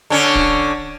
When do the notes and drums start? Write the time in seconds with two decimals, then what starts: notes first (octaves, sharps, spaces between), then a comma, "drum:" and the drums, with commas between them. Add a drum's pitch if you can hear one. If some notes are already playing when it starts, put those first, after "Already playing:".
0.10 D3 C#4
0.35 drum: kick